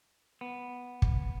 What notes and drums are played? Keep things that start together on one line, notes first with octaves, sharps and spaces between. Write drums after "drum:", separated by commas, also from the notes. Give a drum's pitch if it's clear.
B3
drum: kick